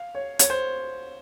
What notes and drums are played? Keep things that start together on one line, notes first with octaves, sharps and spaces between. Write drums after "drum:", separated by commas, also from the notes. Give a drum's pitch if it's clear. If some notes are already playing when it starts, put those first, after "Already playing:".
Already playing: F5
C#5
C#5, drum: hi-hat
C5